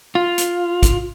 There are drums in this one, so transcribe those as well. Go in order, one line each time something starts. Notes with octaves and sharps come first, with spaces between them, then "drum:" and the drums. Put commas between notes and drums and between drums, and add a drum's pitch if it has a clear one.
F4
drum: hi-hat
drum: kick, hi-hat